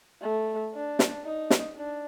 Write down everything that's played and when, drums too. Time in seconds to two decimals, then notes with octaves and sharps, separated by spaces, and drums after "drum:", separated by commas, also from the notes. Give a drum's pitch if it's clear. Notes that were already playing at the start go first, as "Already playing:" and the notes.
0.22 A3
0.74 D4
0.99 drum: snare
1.25 D#4
1.50 drum: snare
1.76 D4